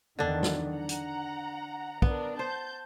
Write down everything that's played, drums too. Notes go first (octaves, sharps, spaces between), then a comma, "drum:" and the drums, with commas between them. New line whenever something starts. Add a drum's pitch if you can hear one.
E2 D3 D#3 D4
drum: snare
F#5 A#5
drum: hi-hat
B3 D4 A#4, drum: kick
C5 A5 G6